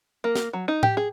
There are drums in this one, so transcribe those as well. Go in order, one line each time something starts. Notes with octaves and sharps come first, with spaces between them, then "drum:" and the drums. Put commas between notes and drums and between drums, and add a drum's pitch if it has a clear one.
A#3
drum: snare
F#3
D#4
G4, drum: tom A2
G#4